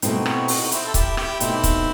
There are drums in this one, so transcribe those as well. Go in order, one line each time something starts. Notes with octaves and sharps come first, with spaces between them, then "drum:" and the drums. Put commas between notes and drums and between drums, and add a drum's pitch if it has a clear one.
B2 A3 C4 D#4 E4 F#4, drum: hi-hat
D#4 F#4, drum: rim click
D#4 F#4, drum: open hi-hat
F#4
C4 E4, drum: hi-hat
A4
E4 G4, drum: kick C#1, hi-hat
E4 G4, drum: rim click
B2 A3 C4 D#4 E4, drum: hi-hat
drum: kick C#1, hi-hat